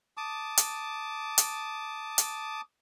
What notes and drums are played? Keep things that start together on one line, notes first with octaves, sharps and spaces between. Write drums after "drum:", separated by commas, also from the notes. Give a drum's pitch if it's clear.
A5 D6 D#6
drum: hi-hat
drum: hi-hat
drum: hi-hat